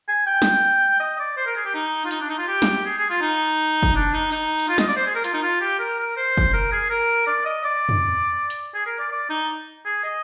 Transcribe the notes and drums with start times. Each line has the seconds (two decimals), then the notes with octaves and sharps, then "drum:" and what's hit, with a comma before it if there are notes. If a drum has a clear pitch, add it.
0.08 G#5
0.26 G5
0.42 drum: snare
1.00 D#5
1.19 D5
1.37 C5
1.46 A#4
1.56 G#4
1.65 G4
1.74 D#4
2.05 F4
2.11 D#4, drum: hi-hat
2.20 D4
2.29 D#4
2.38 F4
2.47 G4
2.62 drum: snare
2.85 G#4
2.97 G#4
3.10 F4
3.21 D#4
3.83 drum: kick
3.95 D4
4.13 D#4
4.32 D#4, drum: hi-hat
4.59 drum: cymbal
4.68 F4
4.78 D#5, drum: snare
4.88 D5
4.96 C5
5.06 G#4
5.15 A#4
5.24 F4, drum: hi-hat
5.33 D#4
5.42 F4
5.61 G4
5.79 A#4
5.98 A#4
6.17 C5
6.37 drum: kick
6.53 A#4
6.72 G#4
6.90 A#4
7.26 D5
7.45 D#5
7.64 D5
7.89 drum: tom
8.50 drum: hi-hat
8.75 G#4
8.86 A#4
8.99 D5
9.11 D5
9.29 D#4
9.85 G#4
10.04 D#5